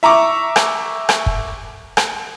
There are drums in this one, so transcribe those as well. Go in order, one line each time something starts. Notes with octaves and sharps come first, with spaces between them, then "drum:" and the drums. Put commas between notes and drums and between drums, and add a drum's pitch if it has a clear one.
E5 A#5 C#6 D6
drum: rim click
drum: rim click
drum: kick
drum: rim click